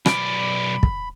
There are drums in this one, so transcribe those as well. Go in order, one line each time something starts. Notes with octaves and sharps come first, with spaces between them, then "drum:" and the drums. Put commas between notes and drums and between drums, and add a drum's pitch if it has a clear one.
B1 D5 B5, drum: rim click
drum: kick